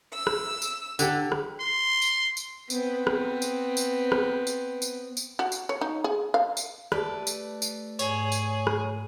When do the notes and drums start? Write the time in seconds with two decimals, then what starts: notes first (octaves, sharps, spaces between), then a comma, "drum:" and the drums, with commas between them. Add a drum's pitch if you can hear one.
0.13 E6
0.27 drum: rim click
0.62 drum: tambourine
0.99 D3 G4 A4, drum: tambourine
1.32 drum: rim click
1.60 C6
2.02 drum: tambourine
2.37 drum: tambourine
2.70 B3 C4, drum: tambourine
3.07 drum: rim click
3.42 drum: tambourine
3.77 drum: tambourine
4.12 drum: rim click
4.47 drum: tambourine
4.82 drum: tambourine
5.17 drum: tambourine
5.39 F#4
5.52 drum: tambourine
5.69 C#5
5.81 D#4
6.04 G#4
6.34 F5
6.57 drum: tambourine
6.92 A3 G4 B4 D5 A5, drum: rim click
7.27 drum: tambourine
7.62 drum: tambourine
7.99 G#2 G#4 C#5, drum: tambourine
8.32 drum: tambourine
8.67 drum: rim click